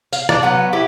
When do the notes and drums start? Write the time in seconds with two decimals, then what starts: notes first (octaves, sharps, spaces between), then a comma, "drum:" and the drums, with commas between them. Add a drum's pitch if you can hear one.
0.13 F5, drum: tambourine
0.29 D4 D5, drum: rim click
0.43 F#3 B3 F#5
0.73 E4 G4